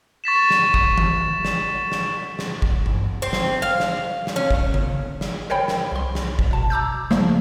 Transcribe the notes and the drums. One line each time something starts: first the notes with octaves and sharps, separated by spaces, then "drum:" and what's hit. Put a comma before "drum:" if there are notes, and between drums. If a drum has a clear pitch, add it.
C#6 A6 B6 E7
drum: snare
drum: kick
drum: tom D#3
drum: snare
drum: snare
drum: snare
drum: kick
drum: tom G2
C4
drum: snare
F5
drum: snare
drum: snare
C#4
drum: kick
drum: tom C#3
drum: snare
A#4 C5 C#5 G5 B5
drum: snare
C2 C6
drum: snare
drum: kick
B2 A5
A#5 D6 E6 G6
C#3 F3 G3 A3 A#3 D#4, drum: snare